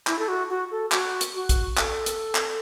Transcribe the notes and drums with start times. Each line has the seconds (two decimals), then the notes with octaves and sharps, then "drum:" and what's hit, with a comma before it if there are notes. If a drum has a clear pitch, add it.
0.07 E4, drum: clap
0.19 A4
0.28 F#4
0.49 F#4
0.71 A4
0.92 F#4, drum: clap
1.21 drum: hi-hat
1.35 F#4
1.49 drum: kick, hi-hat
1.77 A4, drum: clap
2.06 drum: hi-hat
2.35 drum: clap